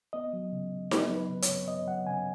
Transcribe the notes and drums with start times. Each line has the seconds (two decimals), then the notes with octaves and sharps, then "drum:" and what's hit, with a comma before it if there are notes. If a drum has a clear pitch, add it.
0.13 B3 D#5
0.33 F#3
0.53 C#3
0.72 C#3
0.91 B3, drum: snare D#4
1.09 F#3
1.16 B4
1.29 C#3
1.42 C#5, drum: hi-hat
1.49 C#3
1.67 B3 D#5
1.87 F#3 F#5
2.07 C#3 G#5